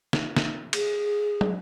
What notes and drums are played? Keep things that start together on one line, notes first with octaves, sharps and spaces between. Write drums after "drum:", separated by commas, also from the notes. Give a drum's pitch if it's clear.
drum: snare
drum: snare
G#4, drum: cymbal
drum: tom